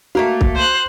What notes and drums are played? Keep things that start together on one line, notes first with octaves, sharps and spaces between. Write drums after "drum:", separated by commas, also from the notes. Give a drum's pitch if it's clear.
A3 A#3 F#4 F5
drum: kick C2
C5 F#6